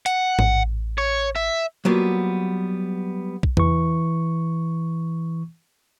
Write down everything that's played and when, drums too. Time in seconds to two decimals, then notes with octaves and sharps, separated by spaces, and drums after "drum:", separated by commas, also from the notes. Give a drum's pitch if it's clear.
0.06 F#5, drum: hi-hat
0.39 A1, drum: tom G#2
0.98 C#5
1.36 E5
1.85 F#3 G3 A#3 B3 F4
3.43 drum: kick
3.57 E3 C#6, drum: tom E2